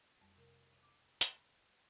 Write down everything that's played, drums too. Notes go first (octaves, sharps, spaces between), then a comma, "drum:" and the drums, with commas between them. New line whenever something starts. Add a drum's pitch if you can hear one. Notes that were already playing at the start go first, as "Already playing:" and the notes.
F2 G3
C3 A#4
D6
drum: hi-hat